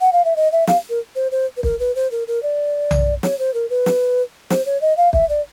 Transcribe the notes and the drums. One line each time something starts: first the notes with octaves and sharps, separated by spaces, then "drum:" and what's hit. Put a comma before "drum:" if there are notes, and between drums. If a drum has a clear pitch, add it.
F#5
F5
E5
D#5
E5
F5, drum: snare
A#4
C5
C5
B4
A#4, drum: kick
B4
C5
A#4
A#4
D5
drum: tom B1
C#5, drum: snare
C5
A#4
B4
drum: snare
C5, drum: snare
C#5
D#5
F5
E5, drum: kick
D5